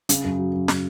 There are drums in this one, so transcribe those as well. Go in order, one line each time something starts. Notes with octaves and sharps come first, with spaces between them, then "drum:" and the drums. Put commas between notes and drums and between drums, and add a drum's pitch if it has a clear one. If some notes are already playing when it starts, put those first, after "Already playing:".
C#3, drum: hi-hat
F#2
F#3
F#2
C#3, drum: snare